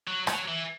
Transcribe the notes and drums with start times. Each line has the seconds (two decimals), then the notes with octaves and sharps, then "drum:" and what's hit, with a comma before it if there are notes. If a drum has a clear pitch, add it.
0.08 F#3
0.27 F#3, drum: rim click
0.48 E3